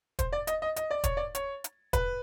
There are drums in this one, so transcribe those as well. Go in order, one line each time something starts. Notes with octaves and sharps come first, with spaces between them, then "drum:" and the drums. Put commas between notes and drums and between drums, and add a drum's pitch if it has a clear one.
C5, drum: kick, hi-hat
D5
D#5, drum: hi-hat
D#5
D#5, drum: hi-hat
D5
C#5, drum: kick, hi-hat
D5
C#5, drum: hi-hat
drum: hi-hat
B4, drum: kick, hi-hat